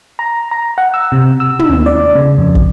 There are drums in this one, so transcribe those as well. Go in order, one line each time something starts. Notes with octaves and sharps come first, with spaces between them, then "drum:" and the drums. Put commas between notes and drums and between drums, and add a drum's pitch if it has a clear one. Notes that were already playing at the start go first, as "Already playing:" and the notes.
A#5
A#5
F#5
E6
C3
E6
drum: tom
D#2
D5
C#3
F2
drum: kick